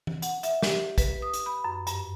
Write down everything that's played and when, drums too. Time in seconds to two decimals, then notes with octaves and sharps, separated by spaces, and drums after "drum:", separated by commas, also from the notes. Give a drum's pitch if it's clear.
0.07 drum: tom E3
0.22 F#5, drum: hi-hat
0.43 E5, drum: hi-hat
0.62 G4, drum: snare
0.98 B4, drum: kick, hi-hat
1.22 D#6
1.33 drum: hi-hat
1.46 B5
1.64 F#2
1.87 G2, drum: hi-hat